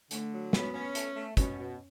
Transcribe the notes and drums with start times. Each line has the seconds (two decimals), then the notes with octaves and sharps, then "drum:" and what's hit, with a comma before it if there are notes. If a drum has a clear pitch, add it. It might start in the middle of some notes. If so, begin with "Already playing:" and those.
0.11 D3 A3, drum: hi-hat
0.33 F#3
0.53 B3 C#4, drum: snare
0.74 C#4
0.95 A3, drum: hi-hat
1.16 A3
1.37 B2 C#4, drum: kick, hi-hat
1.59 B2